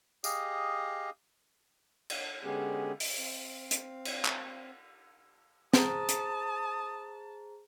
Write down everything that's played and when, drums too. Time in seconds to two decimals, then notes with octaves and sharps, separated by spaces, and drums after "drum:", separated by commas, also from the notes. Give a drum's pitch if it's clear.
0.24 G4 G#4 D#5 F5, drum: tambourine
2.10 drum: cymbal
2.42 D3 G#3 B3 C#4 G4 G#4
3.00 drum: open hi-hat
3.18 C4 F5
3.71 drum: hi-hat
4.05 drum: cymbal
4.25 drum: clap
5.73 G#4 C5 A5 A#5 D#6, drum: snare
6.09 drum: hi-hat